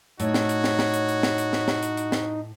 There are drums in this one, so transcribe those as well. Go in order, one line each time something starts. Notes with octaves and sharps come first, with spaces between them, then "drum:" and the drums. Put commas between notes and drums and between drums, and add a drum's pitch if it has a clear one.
A2 D#4 F#4 C#5, drum: hi-hat
drum: snare
drum: hi-hat
drum: snare
drum: snare
drum: hi-hat
drum: hi-hat
drum: snare
drum: hi-hat
drum: snare
drum: snare
drum: hi-hat
drum: hi-hat
drum: snare